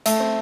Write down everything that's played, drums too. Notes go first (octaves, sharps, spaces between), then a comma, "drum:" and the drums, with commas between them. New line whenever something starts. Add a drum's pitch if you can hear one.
A3 E5, drum: hi-hat
C4